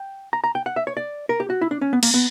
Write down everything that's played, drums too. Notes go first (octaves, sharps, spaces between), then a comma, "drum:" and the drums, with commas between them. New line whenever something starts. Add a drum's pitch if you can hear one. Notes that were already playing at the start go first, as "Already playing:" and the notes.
Already playing: G5
A#5
A#5
G5
F#5
E5
C#5
D5
A#4
G4
F#4
E4
D4
C#4
B3
A#3, drum: cymbal
B3